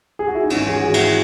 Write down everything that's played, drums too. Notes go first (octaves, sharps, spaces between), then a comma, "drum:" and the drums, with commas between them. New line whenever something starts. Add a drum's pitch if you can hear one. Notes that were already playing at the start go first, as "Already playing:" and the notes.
G#4
F#4
E4
D#4
G#1 C#4, drum: cymbal
E3 G#4
G#1 F#4
E4, drum: cymbal